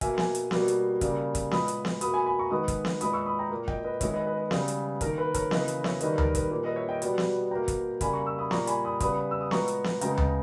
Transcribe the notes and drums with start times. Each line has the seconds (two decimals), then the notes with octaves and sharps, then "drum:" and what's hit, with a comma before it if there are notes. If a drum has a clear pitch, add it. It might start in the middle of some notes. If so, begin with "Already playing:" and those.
0.01 B2 A#3 E5 G#5, drum: kick, hi-hat
0.18 E5 G#5, drum: snare B3
0.35 drum: hi-hat
0.51 B2 G3 A#3, drum: snare B3
0.68 drum: hi-hat
1.01 C#3 G3 A#3, drum: kick, hi-hat
1.35 drum: kick, hi-hat
1.51 A#2 G#3 B3 B5 D#6, drum: snare B3
1.68 drum: hi-hat
1.85 drum: snare B3
2.01 B2 A#3 B5 D#6, drum: hi-hat
2.14 G#5 B5
2.26 G#5 B5
2.39 A#5 C#6
2.51 D#3 G#3 B3 B5 D#6
2.68 drum: kick, hi-hat
2.85 drum: snare B3
3.01 A#2 G#3 B3 B5 D#6, drum: hi-hat
3.13 C#6 E6
3.26 B5 D#6
3.39 G5 A#5
3.51 A#2 A#3
3.68 D#5 G5, drum: kick
3.84 B4 D#5
4.01 D#3 G#3 B3 C#5 E5, drum: kick, hi-hat
4.14 B4 D#5
4.26 B4 D#5
4.38 B4
4.51 C#3 G3 B3 B4, drum: snare B3
4.68 drum: hi-hat
5.01 D#3 A#3 A#4, drum: kick, hi-hat
5.18 B4
5.34 A#4 C#5, drum: kick, hi-hat
5.51 C#3 E3 A#3 B4 D#5, drum: snare B3
5.68 drum: hi-hat
5.84 C#5 E5, drum: snare B3
6.01 D#3 G3 A#3 B4 D#5, drum: hi-hat
6.18 A#4, drum: tom D2
6.35 B4, drum: kick, hi-hat
6.51 A#2 G3 A#3 B4
6.63 B4 D#5
6.76 C#5 E5
6.89 D#5 G5
7.02 B2 G3 B3, drum: hi-hat
7.18 drum: snare B3
7.51 B2 A#3 G5 A#5
7.68 drum: kick, hi-hat
8.01 C#3 G3 A#3 G#5 B5, drum: kick, hi-hat
8.13 A#5 C#6
8.26 C#6 E6
8.39 B5 D#6
8.51 A#2 G3 A#3 A#5 C#6, drum: snare B3
8.67 G#5 B5, drum: hi-hat
8.85 B5 D#6
9.00 C#3 G3 B3 B5 D#6, drum: kick, hi-hat
9.31 E6
9.41 D#6
9.51 A#2 G#3 B3 A#5 C#6, drum: snare B3
9.68 drum: hi-hat
9.84 drum: snare B3
10.01 C#3 G#3 B3 G5 A#5, drum: hi-hat
10.18 D#5 G5, drum: tom D2